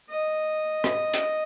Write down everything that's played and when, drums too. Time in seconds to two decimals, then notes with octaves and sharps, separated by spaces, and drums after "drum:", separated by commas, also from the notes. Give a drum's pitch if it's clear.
0.10 D#5
0.84 drum: rim click
1.14 drum: hi-hat